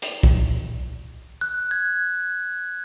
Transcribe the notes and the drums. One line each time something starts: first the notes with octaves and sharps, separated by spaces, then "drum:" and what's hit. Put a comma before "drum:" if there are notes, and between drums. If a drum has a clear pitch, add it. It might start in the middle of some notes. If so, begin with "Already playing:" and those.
drum: hi-hat
drum: kick
F#6
G#6